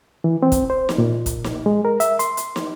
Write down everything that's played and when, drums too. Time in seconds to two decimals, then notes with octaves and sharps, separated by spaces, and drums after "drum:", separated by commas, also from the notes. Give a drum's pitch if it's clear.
0.24 E3
0.43 C4
0.52 drum: kick, hi-hat
0.70 C5
0.89 drum: snare
0.98 A#2
1.26 drum: kick, hi-hat
1.44 drum: snare
1.66 G#3
1.85 A#4
2.00 E5, drum: hi-hat
2.19 C6, drum: hi-hat
2.37 drum: hi-hat
2.56 drum: snare